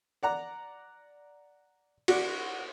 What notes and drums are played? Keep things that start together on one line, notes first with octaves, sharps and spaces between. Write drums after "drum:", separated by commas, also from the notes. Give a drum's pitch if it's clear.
D5 F#5 A#5
F#4 D5, drum: cymbal